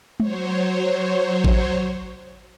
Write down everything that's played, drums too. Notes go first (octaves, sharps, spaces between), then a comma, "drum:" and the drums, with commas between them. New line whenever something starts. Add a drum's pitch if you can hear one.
F#3 C5 C#5, drum: tom G#3
drum: kick A1